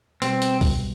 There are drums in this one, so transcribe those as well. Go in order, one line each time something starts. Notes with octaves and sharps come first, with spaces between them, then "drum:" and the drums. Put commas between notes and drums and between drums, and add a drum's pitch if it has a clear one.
B2 G3 B3 C4, drum: hi-hat
drum: hi-hat
drum: kick, open hi-hat